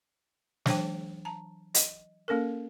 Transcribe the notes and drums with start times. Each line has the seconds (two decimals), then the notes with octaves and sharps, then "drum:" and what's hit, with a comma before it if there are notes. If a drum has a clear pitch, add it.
0.66 E3 F#3 D4 C5 G5, drum: snare
1.25 A5 A#5
1.75 D#5, drum: hi-hat
2.28 A#3 C#4 A4 A#4